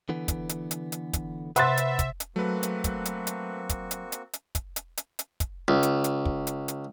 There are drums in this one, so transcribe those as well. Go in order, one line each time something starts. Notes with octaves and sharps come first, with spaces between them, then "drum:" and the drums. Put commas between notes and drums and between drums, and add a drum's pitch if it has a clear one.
D3 E3 B3
drum: kick, hi-hat
drum: hi-hat
drum: hi-hat
drum: hi-hat
drum: kick, hi-hat
C3 B4 E5 F#5 C6 F#6 A6, drum: hi-hat
drum: hi-hat
drum: kick, hi-hat
drum: hi-hat
F#3 A3 A#3 C4 F#4 B4
drum: hi-hat
drum: kick, hi-hat
drum: hi-hat
drum: hi-hat
drum: kick, hi-hat
drum: hi-hat
drum: hi-hat
drum: hi-hat
drum: kick, hi-hat
drum: hi-hat
drum: hi-hat
drum: hi-hat
drum: kick, hi-hat
C#2
drum: hi-hat
drum: hi-hat
drum: kick
drum: hi-hat
drum: hi-hat